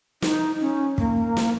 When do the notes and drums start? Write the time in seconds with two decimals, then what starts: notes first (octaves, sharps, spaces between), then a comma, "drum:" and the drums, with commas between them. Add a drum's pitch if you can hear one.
0.22 D#4, drum: snare
0.61 C#4
0.98 A#3, drum: kick
1.37 drum: snare